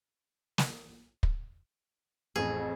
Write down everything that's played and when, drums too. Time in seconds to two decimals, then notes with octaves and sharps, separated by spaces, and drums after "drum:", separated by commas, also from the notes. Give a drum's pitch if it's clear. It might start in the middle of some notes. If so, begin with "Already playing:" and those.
0.58 drum: snare
1.23 drum: kick
2.36 A1 F2 G#4